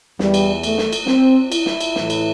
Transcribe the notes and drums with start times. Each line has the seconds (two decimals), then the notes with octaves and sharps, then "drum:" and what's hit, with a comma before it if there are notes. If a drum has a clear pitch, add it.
0.19 E2 E3 G3, drum: snare
0.34 drum: cymbal
0.63 A3, drum: cymbal
0.78 drum: snare
0.93 drum: cymbal
1.07 C4, drum: snare
1.52 E4, drum: cymbal
1.66 drum: snare
1.81 drum: cymbal
1.96 A2 E3, drum: snare
2.10 drum: cymbal